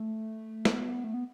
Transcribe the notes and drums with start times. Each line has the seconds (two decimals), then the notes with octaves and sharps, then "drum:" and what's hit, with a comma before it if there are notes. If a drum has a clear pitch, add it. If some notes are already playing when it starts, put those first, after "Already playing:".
Already playing: A3
0.65 B3, drum: snare
1.04 A3
1.14 B3